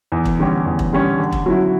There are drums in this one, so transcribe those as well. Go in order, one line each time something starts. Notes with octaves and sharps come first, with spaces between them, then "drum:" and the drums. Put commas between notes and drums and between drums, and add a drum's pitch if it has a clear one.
E2
drum: kick E1
D3 G3 C#4 G4
E2
drum: kick E1
D3 G3 C#4 G4
D3
drum: kick E1
F#3 C#4 E4